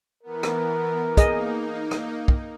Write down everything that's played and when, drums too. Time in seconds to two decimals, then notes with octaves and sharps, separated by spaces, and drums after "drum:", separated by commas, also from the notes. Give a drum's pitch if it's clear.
0.23 E3 B3 A#4
0.43 drum: rim click
1.17 A#3 D#4 G#4 D#5, drum: kick, hi-hat
1.91 drum: rim click
2.28 drum: kick